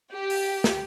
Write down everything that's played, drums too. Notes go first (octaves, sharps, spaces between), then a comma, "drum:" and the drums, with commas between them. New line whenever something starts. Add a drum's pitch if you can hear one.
G4
drum: open hi-hat
drum: snare